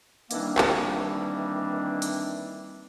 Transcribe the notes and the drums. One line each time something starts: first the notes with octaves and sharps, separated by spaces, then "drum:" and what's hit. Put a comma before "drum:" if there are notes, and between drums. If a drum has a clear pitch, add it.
D#3 E3 G3 A#3 C4 D4, drum: hi-hat
drum: clap
drum: hi-hat